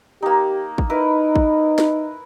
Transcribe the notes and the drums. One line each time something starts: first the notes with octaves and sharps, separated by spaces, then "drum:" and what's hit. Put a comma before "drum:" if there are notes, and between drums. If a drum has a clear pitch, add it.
A#3 D#4 G4
drum: kick
D#4 E4 A#4 B4
drum: kick
drum: snare